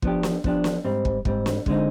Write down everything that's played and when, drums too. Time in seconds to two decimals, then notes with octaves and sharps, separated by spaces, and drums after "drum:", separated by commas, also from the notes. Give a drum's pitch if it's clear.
0.02 F3 B3 D4 G4, drum: kick
0.23 drum: snare
0.44 F3 B3 D4 G4, drum: kick
0.64 drum: snare
0.84 G#2 G3 C4
1.05 drum: kick
1.25 G#2 G3 C4, drum: kick
1.46 drum: snare
1.66 D3 G#3 C4 D#4, drum: kick